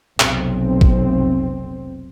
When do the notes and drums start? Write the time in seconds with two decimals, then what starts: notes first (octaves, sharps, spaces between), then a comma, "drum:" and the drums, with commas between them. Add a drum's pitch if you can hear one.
0.20 F1 B1 C4, drum: clap
0.81 drum: kick A1